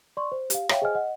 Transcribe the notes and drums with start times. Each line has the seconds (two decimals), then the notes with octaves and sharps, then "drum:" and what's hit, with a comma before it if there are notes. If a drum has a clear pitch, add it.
0.17 D5 C6 C#6
0.32 C5
0.50 G4 F5, drum: hi-hat
0.69 C#5 E5 F5 G5, drum: rim click
0.82 G#4 C5 D#5 G#5 F6
0.95 D#5 F#5